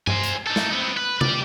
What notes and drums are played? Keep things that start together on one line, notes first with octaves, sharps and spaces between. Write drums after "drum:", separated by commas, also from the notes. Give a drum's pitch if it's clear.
C5 G#5, drum: tom G2
drum: hi-hat
D#4 A4
drum: snare
B3 C4
B4
G4 D5, drum: tom C3